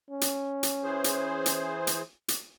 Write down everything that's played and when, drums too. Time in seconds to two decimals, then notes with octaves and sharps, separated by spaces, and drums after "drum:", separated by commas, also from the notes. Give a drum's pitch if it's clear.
0.11 C#4
0.21 drum: hi-hat
0.63 drum: hi-hat
0.84 E3 G#4 C5
1.04 drum: hi-hat
1.46 drum: hi-hat
1.87 drum: hi-hat
2.28 drum: hi-hat